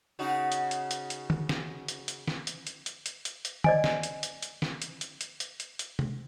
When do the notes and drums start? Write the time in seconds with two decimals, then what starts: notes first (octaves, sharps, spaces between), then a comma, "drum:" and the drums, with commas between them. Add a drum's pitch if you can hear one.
0.19 C#3 D#4 F#4
0.52 drum: hi-hat
0.71 drum: hi-hat
0.91 drum: hi-hat
1.10 drum: hi-hat
1.30 drum: tom D3
1.49 drum: snare
1.88 drum: hi-hat
2.08 drum: hi-hat
2.28 drum: snare
2.47 drum: hi-hat
2.67 drum: hi-hat
2.86 drum: hi-hat
3.06 drum: hi-hat
3.25 drum: hi-hat
3.45 drum: hi-hat
3.64 D5 D#5 G#5, drum: tom D3
3.84 drum: snare
4.03 drum: hi-hat
4.23 drum: hi-hat
4.43 drum: hi-hat
4.62 drum: snare
4.82 drum: hi-hat
5.01 drum: hi-hat
5.21 drum: hi-hat
5.40 drum: hi-hat
5.60 drum: hi-hat
5.79 drum: hi-hat
5.99 drum: tom